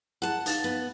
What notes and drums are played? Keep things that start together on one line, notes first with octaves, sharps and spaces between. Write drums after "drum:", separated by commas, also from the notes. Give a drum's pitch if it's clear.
E4 G#4 F#5 A5 F#6
D#4 F5 A6, drum: hi-hat
B3